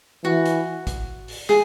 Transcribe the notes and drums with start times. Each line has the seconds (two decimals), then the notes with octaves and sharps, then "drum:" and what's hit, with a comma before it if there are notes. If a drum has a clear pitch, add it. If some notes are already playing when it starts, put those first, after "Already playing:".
0.24 E3 F#4
0.45 drum: hi-hat
0.87 drum: kick G#1, hi-hat
1.28 drum: open hi-hat
1.49 G#4, drum: snare